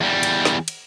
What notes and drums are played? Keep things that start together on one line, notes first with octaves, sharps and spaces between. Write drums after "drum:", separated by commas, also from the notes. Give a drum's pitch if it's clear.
E2 G3
drum: cymbal
drum: snare
drum: cymbal